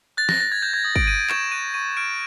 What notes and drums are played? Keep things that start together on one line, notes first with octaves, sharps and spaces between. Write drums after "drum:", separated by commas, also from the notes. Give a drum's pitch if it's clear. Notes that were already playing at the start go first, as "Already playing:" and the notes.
F#6 A6
A#6, drum: snare
F#6 A6
G#6
F#6 G6
G#6
D#6
D7, drum: kick
F#6 D#7
C#6 E7, drum: clap
F#6 D#7
C#6 D#7
F6 D7